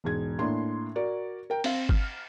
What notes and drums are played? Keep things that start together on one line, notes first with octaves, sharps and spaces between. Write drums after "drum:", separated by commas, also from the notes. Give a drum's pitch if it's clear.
E1 G#2 G#6
A2 A#3 D4 C6
F#4 A#4 D5
A#4 G5
C4 F5, drum: cymbal
F6, drum: kick G1